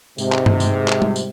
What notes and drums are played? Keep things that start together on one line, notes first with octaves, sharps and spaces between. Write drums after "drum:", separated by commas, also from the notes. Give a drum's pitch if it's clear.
G#2 C3, drum: tambourine
drum: clap
drum: tom G2
drum: tambourine
drum: clap
drum: tom G3
drum: tambourine